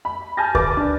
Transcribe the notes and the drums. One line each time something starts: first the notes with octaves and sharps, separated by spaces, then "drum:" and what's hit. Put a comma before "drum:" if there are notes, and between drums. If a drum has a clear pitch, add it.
B5
G#5 A5 F6 G6 A6 A#6
B4 D6 A6, drum: kick D2
D4